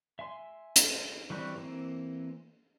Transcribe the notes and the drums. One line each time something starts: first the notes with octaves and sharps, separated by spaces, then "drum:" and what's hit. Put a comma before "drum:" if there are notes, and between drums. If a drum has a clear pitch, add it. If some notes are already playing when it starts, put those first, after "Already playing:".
E5 G#5 C6
drum: hi-hat
E3 G3 C4 B4 C#6
E3 A#3 C4